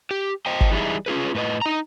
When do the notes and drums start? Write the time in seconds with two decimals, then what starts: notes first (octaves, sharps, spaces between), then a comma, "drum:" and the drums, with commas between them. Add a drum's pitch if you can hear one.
0.11 G4
0.46 C5 D#5 G5
0.61 drum: kick G1
0.71 E3 G3 D#4 E4 G#4
1.06 C#4 F4 G#4 B4
1.35 A2 B4 D#5
1.61 D#4 A#5